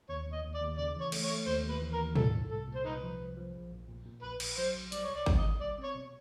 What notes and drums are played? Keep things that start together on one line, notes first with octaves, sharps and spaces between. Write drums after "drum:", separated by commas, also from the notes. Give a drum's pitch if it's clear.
D#2 C#5
D#2
D#5
D#2
D5
D#2
C#3 D5
E3 C#5
A3, drum: cymbal
C#5
A3
D#2 C5
D#2
B4
E3
A#4
D#2
C2 A4, drum: tom
C2
C2 A4
A#2
C5
C2 D#4 B4
F3
C2
F3
A#1
A#1
A#2
A#2
A#1 B4
A#1, drum: cymbal
F#3 C5
A#1
G3 D5, drum: hi-hat
C2 C#5
D5
C2, drum: kick G#1
D#5
B2
G3 D5
C4
C#5
B2